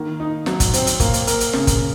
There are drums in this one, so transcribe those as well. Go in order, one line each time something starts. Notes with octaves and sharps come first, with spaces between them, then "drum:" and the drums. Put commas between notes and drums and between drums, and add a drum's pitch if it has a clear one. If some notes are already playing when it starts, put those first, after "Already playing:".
Already playing: D#3 A#3
D#4
F#3, drum: snare
drum: kick, hi-hat
C4, drum: hi-hat
drum: hi-hat
A#3, drum: kick, hi-hat
drum: hi-hat
A#4, drum: hi-hat
drum: hi-hat
C#3, drum: snare
drum: kick, hi-hat